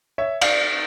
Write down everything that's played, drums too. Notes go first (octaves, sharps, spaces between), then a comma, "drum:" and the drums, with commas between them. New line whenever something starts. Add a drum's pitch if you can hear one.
C#5 E5
D5 F5, drum: cymbal